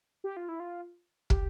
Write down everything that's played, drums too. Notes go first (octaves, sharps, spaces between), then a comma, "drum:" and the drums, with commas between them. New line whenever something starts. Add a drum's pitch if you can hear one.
G4
F4
E4
F4
G4, drum: kick